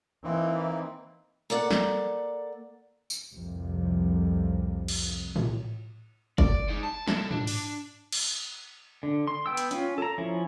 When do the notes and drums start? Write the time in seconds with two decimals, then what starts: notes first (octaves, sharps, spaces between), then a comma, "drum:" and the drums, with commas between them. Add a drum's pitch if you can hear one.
0.24 E3 A#3 C4 D#4
1.50 A#3 A4 D5 F#5
1.71 drum: snare
3.10 drum: tambourine
3.33 C2 F2 A2 C3 F3
4.88 drum: cymbal
5.36 drum: tom A2
6.38 D5, drum: kick F#1
6.69 G#3 D#4
6.83 A5
7.08 C2 A4, drum: snare
7.31 D4, drum: tom G#2
7.47 drum: open hi-hat
8.12 drum: cymbal
9.03 D3
9.27 C6
9.46 B3 G5 E6
9.57 drum: hi-hat
9.71 C#4 F4, drum: hi-hat
9.98 A4 A#5
10.18 F3 C#4 E4